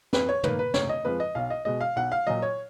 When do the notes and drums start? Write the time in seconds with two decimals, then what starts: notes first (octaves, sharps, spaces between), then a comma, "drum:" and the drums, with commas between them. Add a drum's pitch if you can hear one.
0.13 F2 B4, drum: snare
0.29 C#5
0.43 D#3 A#3 B4, drum: tom
0.59 B4
0.74 F1 C#5, drum: snare
0.89 D#5
1.05 F2 F3 G#3 B4
1.20 D#5
1.35 B1 F5
1.50 D#5
1.65 B2 G#3 D#5
1.81 F5
1.96 B1 F#5
2.12 F5
2.27 A#2 F#3 D#5
2.42 C#5